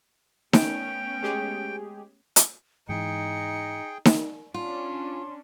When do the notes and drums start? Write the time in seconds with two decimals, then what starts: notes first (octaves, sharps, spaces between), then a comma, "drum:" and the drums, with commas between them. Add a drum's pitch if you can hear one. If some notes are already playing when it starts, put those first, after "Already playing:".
0.53 A3 B3 C#4 G5, drum: snare D#4
1.22 G#3 G4 G#4
2.36 drum: hi-hat
2.89 G#2 E3 D#4 G#4 G5 C#7
4.05 drum: snare D#4
4.54 C#4 D4 F4 C6